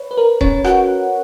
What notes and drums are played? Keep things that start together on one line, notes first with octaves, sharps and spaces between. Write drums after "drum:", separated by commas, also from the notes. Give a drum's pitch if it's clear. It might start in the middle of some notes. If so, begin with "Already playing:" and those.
Already playing: B4 C#5
B4
A#4
C#4 C#5, drum: kick D#1
F#4 F#5, drum: rim click